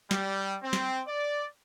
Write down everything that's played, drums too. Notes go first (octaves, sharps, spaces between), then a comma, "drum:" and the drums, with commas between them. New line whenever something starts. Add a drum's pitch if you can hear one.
G3, drum: snare
C4
drum: snare
D5